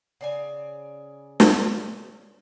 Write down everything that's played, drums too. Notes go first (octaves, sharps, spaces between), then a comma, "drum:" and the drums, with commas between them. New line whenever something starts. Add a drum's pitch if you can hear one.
C#3 D5 G#5
drum: snare